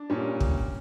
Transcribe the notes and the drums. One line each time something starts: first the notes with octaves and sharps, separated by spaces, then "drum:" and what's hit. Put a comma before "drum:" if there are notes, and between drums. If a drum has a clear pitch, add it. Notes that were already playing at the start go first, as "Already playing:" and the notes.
Already playing: D4
A#2 G3 C#4
drum: kick